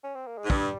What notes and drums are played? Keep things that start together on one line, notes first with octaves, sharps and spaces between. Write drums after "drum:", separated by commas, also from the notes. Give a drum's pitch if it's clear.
C#4
C4
A#3
G#3
G#2
G2 G3, drum: kick